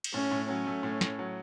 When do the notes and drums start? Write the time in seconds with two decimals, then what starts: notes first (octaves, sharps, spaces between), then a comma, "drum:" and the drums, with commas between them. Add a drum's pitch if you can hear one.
0.04 drum: cymbal
0.14 A2 C#4
0.31 A2
0.49 F#3 C#4
0.67 A3
0.83 A2
1.01 A2, drum: snare
1.19 F#3